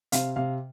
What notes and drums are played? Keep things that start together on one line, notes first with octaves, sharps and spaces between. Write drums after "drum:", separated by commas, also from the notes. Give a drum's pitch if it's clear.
C3 F5, drum: hi-hat
C3 F5